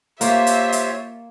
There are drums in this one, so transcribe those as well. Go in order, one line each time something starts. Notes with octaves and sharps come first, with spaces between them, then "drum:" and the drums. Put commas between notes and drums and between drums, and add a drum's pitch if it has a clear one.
A#3 F4 G4 C5 C#5 E5, drum: hi-hat
drum: hi-hat
drum: hi-hat